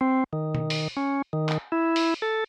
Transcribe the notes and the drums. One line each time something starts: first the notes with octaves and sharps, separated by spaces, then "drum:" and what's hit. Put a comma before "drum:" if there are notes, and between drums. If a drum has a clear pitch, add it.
C4
D#3
drum: tom B2
drum: open hi-hat
C#4
D#3
drum: clap
E4
drum: open hi-hat
A4